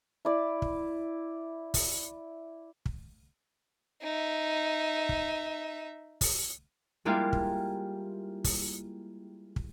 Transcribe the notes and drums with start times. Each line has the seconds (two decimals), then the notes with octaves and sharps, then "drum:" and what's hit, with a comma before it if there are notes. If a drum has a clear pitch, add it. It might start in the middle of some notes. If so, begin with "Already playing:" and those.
0.25 E4 D5
0.62 drum: kick
1.74 drum: kick, open hi-hat
2.86 drum: kick
4.02 D#4 E5
5.09 drum: kick
6.21 drum: kick, open hi-hat
7.05 G3 G#3 A#3 E4 F4 G4
7.33 drum: kick
8.44 drum: kick, open hi-hat
9.56 drum: kick